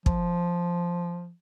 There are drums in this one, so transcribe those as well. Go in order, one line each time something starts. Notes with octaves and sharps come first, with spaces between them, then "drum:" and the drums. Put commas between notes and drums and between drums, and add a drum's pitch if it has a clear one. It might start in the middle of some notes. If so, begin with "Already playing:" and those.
F3, drum: kick